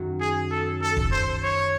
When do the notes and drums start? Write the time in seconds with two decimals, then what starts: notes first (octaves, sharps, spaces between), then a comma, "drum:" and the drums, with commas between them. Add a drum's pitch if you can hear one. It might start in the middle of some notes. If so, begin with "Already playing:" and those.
Already playing: F#2 D#3 F#3
0.21 G#4
0.51 A4
0.82 A4
0.97 drum: kick E1
1.12 C5
1.43 C#5